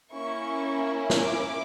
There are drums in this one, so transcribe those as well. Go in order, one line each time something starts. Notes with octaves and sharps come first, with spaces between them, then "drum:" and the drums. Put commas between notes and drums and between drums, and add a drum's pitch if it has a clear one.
A#3 C#4 E4 C#6
drum: snare
D6